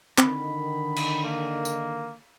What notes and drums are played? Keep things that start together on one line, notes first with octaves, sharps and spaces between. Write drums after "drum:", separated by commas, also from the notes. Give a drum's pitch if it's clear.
D3 D#3 C4 B5, drum: clap
drum: cymbal
A#3
drum: tambourine